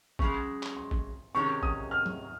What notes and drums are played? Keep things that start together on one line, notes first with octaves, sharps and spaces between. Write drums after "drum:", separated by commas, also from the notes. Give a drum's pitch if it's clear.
F#2 C#3 G#3 C#6, drum: kick
drum: clap
C6
drum: kick
C3 D#3 G#3 C#4 C#6
D#6, drum: kick
F6
drum: tom F#3